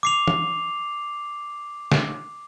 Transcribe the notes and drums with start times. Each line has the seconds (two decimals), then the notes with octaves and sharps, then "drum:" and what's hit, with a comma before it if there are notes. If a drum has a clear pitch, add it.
0.03 D6 C7 F7
0.28 drum: tom E3
1.92 drum: snare